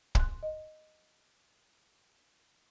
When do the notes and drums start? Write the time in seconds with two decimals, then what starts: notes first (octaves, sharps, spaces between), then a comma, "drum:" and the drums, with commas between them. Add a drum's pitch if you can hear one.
0.15 G#5 C6 F#6, drum: kick
0.43 D#5